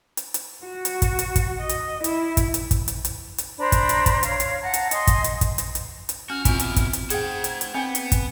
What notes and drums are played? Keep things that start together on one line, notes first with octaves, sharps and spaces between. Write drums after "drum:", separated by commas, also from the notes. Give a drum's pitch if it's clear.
drum: hi-hat
drum: hi-hat
F#4
drum: hi-hat
drum: kick, hi-hat
drum: hi-hat
drum: kick, hi-hat
D#5
drum: hi-hat
E4, drum: hi-hat
drum: kick, hi-hat
drum: hi-hat
drum: kick, hi-hat
drum: hi-hat
drum: hi-hat
drum: hi-hat
D4 C5 A#5 B5
drum: kick, hi-hat
drum: hi-hat
drum: kick, hi-hat
C#5 F5, drum: hi-hat
drum: hi-hat
F#5 A5 A#5
drum: hi-hat
D#5 G#5 C6, drum: hi-hat
drum: kick, hi-hat
drum: hi-hat
drum: kick, hi-hat
drum: hi-hat
drum: hi-hat
drum: hi-hat
C#4 F#4 F6
B2 C4 E4 F4 G#5, drum: kick, hi-hat
drum: hi-hat
drum: kick, hi-hat
drum: hi-hat
G#4 C5 F#5 G5 G#6, drum: hi-hat
drum: hi-hat
drum: hi-hat
B3 C4 D4 G5 G#5 C#7
drum: hi-hat
drum: kick, hi-hat